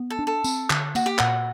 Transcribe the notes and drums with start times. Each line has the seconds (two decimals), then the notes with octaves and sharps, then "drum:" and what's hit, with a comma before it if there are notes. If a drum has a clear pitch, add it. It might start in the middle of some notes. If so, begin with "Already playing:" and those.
Already playing: B3
0.10 A4
0.19 D4
0.27 A4
0.44 C4, drum: tambourine
0.70 D3, drum: clap
0.95 A#3 F#4, drum: tambourine
1.06 G4
1.18 A#2 F#4, drum: clap